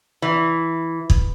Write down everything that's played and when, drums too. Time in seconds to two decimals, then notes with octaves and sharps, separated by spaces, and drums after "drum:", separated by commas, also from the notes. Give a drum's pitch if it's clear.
0.22 E3
1.10 drum: kick